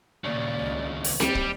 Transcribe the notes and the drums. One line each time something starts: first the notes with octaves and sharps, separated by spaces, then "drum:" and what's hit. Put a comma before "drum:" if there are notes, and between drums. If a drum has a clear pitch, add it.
D#2 A#2 C#3 A#3 D5
C#2
drum: open hi-hat
D#2 G3 G4, drum: snare C4
drum: kick